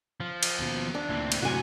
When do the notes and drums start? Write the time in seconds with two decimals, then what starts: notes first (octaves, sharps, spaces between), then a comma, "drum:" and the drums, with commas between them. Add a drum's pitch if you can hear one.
0.20 F3
0.43 drum: cymbal
0.59 D#2 B2
0.95 D4
1.09 D2 A#2 E3 C4
1.32 drum: cymbal
1.42 F#2 A2 C3 F#4 G#5